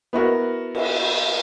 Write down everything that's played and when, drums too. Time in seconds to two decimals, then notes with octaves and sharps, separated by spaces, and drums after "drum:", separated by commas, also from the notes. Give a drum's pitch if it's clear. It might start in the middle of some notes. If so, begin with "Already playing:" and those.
0.13 B3 E4 F#4 A#4
0.75 drum: cymbal